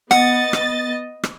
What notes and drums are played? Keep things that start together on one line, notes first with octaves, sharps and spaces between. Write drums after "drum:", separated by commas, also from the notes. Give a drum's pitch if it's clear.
B3 D#5 F#5 A6, drum: rim click
drum: rim click
drum: rim click